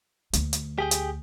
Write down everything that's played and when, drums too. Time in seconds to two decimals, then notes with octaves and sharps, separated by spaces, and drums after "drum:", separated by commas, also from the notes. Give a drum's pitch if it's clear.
0.33 D2, drum: hi-hat
0.53 drum: hi-hat
0.78 G4 G#4 G5
0.91 drum: hi-hat